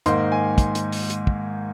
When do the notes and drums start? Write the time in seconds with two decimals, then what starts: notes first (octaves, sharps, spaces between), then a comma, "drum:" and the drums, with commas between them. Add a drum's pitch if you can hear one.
0.06 G#2 D#3 A#3 D#4 C6, drum: hi-hat
0.32 G#5
0.58 drum: kick, hi-hat
0.75 drum: hi-hat
0.92 drum: open hi-hat
1.10 drum: hi-hat
1.27 drum: kick